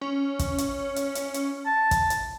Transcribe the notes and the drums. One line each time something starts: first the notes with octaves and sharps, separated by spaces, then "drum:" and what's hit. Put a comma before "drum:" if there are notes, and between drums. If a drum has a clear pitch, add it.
C#4
drum: kick, hi-hat
drum: hi-hat
drum: hi-hat
drum: hi-hat
drum: hi-hat
A5
drum: kick, hi-hat
drum: hi-hat